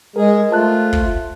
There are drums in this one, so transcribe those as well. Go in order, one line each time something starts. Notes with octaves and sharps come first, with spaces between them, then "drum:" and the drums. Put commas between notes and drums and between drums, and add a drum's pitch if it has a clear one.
G#3 G#4 A#4 D#5
A3 F4 C5 A5 F#6
drum: kick